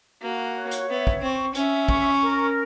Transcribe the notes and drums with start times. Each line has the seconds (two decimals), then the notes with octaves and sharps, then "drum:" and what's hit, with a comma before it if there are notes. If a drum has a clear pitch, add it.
0.22 A#3 F#4
0.56 C#5
0.71 drum: hi-hat
0.89 B3 E5
1.07 drum: kick
1.22 C4 C#6
1.55 C#4 E5, drum: hi-hat
1.89 C#6, drum: kick
2.22 A#4